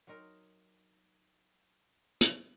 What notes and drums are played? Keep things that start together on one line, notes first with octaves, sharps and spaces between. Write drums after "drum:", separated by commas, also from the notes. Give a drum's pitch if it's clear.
F#3 C4 D#4 A#4
drum: hi-hat